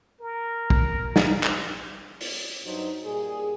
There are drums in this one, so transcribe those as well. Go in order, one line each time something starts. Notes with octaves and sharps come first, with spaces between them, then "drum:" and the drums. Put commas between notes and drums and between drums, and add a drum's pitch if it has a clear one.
A#4
drum: kick
drum: snare
drum: clap
drum: open hi-hat
G2 F#3 D#4 C5
A#2 G3 G#4